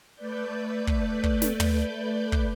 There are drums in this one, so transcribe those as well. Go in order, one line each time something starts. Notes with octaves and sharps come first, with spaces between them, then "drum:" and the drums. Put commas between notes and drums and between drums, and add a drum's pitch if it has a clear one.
A3 B4 D5 G6
drum: kick
drum: kick
drum: snare
drum: tom
drum: kick